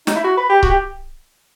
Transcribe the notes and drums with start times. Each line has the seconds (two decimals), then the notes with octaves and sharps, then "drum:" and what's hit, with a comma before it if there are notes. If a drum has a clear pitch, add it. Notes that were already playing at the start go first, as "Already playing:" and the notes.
0.07 D#4, drum: snare
0.16 E4
0.24 F#4
0.37 B4
0.50 G4
0.63 F#4, drum: kick C#1
0.70 G4